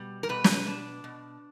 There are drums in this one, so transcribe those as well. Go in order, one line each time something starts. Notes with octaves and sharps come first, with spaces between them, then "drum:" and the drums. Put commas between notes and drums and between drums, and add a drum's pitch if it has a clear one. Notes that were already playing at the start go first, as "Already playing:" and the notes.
Already playing: B2 G3
A#4
B2 B4
drum: snare
D4
B2